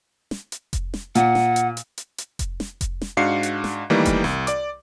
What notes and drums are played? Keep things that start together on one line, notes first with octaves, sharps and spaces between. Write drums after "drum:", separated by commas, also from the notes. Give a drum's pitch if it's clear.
drum: snare
drum: hi-hat
drum: kick F1, hi-hat
drum: snare
A#2 F#5, drum: hi-hat
drum: snare
drum: hi-hat
drum: hi-hat
drum: hi-hat
drum: hi-hat
drum: kick F1, hi-hat
drum: snare
drum: kick F1, hi-hat
drum: snare
G#2 D4 F#4 F5 C7 C#7
drum: hi-hat
drum: snare
D#3 E3 G3 A3 A#3 D#4
drum: kick F1, hi-hat
C2, drum: snare
D5 D6, drum: hi-hat